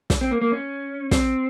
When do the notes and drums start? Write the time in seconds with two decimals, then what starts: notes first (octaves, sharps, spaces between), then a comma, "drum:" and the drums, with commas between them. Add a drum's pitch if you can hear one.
0.10 drum: snare
0.21 C4
0.31 A#3
0.41 A#3
0.52 C#4
1.11 C4, drum: snare